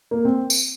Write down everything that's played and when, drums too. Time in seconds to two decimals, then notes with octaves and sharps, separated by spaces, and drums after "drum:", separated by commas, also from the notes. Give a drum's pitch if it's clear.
0.11 A#3
0.25 C4
0.50 drum: tambourine